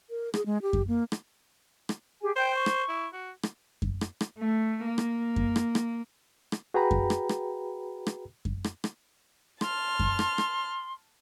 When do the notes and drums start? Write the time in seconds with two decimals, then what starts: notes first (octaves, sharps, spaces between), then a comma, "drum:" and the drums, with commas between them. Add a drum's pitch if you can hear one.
0.10 A#4
0.34 G#4, drum: rim click
0.46 G#3
0.62 G4
0.73 drum: kick F#2
0.88 A#3
1.12 drum: rim click
1.89 drum: rim click
2.22 G4 G#4 G#5
2.36 C5 G5 G6
2.54 C#6
2.66 drum: rim click
2.88 E4
3.13 F#4
3.43 drum: rim click
3.82 drum: kick F#2
4.01 drum: rim click
4.21 drum: rim click
4.39 A3
4.85 A#3
4.98 drum: rim click
5.36 drum: kick F#2
5.56 drum: rim click
5.75 drum: rim click
6.52 drum: rim click
6.74 F#4 G#4 B4 G5 A#5 B5
6.91 drum: kick F#2
7.10 drum: rim click
7.29 drum: rim click
8.07 drum: rim click
8.45 drum: kick F#2
8.64 drum: rim click
8.84 drum: rim click
9.61 A5 C6 F6, drum: rim click
9.99 drum: kick F#2
10.19 drum: rim click
10.38 drum: rim click